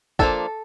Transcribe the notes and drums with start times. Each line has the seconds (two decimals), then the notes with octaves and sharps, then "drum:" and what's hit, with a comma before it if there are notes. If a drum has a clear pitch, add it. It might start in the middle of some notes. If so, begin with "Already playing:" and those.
0.19 F3 A#3 D4 A4, drum: kick